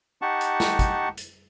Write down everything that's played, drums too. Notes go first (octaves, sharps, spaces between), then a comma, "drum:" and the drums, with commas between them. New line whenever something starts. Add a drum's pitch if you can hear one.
D#4 G4 F#5 A5 C#6
drum: hi-hat
drum: snare
drum: kick, hi-hat
drum: hi-hat